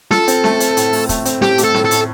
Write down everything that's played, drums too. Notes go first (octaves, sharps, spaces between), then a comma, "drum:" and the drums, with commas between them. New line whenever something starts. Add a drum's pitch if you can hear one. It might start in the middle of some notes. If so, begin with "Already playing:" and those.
F4 A4, drum: snare
C4, drum: hi-hat
A3, drum: snare
C4, drum: hi-hat
A2, drum: hi-hat
A3, drum: open hi-hat
A3, drum: kick, hi-hat
C4, drum: hi-hat
A2 G4, drum: snare
A3, drum: hi-hat
A4
A2, drum: snare
A4
A2, drum: hi-hat